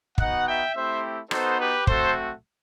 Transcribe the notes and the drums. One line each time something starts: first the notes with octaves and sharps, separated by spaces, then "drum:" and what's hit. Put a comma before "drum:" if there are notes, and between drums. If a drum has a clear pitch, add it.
B3 D#4 F#4 D#5 F#5, drum: kick
E5 G5
A3 C4 E4 G4 C5 E5
B3 D#4 F#4 A4 C5, drum: rim click
G4 B4
A3 C4 F#4 A4 C5, drum: kick